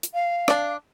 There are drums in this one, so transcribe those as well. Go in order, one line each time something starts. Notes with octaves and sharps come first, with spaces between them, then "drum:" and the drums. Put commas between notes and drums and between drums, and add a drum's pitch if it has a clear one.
drum: hi-hat
F5
D4 D5, drum: rim click